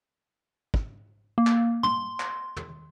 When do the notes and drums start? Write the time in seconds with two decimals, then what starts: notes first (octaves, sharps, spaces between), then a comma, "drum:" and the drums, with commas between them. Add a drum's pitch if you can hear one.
0.74 drum: kick
1.38 A#3
1.47 drum: clap
1.83 C6, drum: tom
2.20 drum: clap
2.56 drum: tom